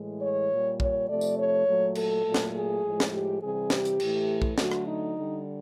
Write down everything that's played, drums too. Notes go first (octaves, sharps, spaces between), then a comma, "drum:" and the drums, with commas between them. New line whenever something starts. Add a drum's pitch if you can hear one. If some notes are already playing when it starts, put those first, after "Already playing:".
Already playing: A2 E3 G#3
C#5
A#2 G3
C#5, drum: kick B1
C3 F3 A3 D5
drum: tambourine
C#5
A#2 F#3 A3
A4, drum: cymbal
A#2 F#3 A3
drum: snare
G#4
A2 F3 G#3
drum: snare
G4
C3 E3 G3 G#4
G4, drum: snare
drum: hi-hat
A2 E3 A3, drum: cymbal
drum: kick B1
D3 F#3 A3 F#4, drum: snare
drum: rim click
D#4
D3 G3